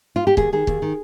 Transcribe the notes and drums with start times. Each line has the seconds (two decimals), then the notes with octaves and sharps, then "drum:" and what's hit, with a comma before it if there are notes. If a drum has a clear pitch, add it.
0.16 F4
0.27 G4
0.37 D#2 G#4, drum: kick
0.52 D#3 G#4
0.67 D#2, drum: kick
0.82 D#3